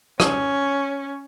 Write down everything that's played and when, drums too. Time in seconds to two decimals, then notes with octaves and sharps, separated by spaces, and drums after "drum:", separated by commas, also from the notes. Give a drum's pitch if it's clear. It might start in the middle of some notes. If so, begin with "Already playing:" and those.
0.20 C#4, drum: rim click